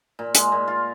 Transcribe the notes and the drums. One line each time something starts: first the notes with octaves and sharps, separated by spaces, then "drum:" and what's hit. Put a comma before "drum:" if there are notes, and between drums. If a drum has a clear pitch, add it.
A#2
G#3, drum: hi-hat
A#2
F4